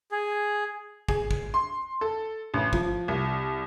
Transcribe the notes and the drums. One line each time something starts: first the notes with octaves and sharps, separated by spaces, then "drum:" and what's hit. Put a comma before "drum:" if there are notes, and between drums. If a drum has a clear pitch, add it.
G#4
G#4, drum: kick
drum: kick
C6
A4
A1
F3, drum: kick
C2